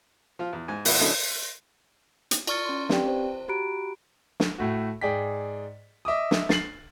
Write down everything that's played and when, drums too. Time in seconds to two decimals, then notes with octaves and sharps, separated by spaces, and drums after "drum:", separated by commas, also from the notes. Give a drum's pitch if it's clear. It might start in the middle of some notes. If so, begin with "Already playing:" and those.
0.39 F3 F4
0.53 E2
0.68 G#2 G#5
0.85 F2 B2 E4 F#5, drum: open hi-hat
1.01 D3 F#3 A3 C#4 D#4 E4
2.31 drum: hi-hat
2.47 F4 D5 C#6 F6 A6 C#7, drum: cymbal
2.65 C#4 C6
2.89 C4 G4 B4 D5 F5 G5, drum: snare
3.08 C5
3.48 F#4 G4 A#5 B5 F#6 D7
4.40 drum: snare
4.58 A2 A3 F#4
5.01 G#2 G#4 D5 G5 B6
6.05 D#5 E5 D6 D#6
6.31 drum: snare
6.49 A6 C7 F#7, drum: snare